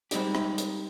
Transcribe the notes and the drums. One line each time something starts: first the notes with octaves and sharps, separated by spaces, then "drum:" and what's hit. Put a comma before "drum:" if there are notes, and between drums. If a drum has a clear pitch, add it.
G3 G#3 C4 D#4 G4, drum: hi-hat
drum: rim click
drum: hi-hat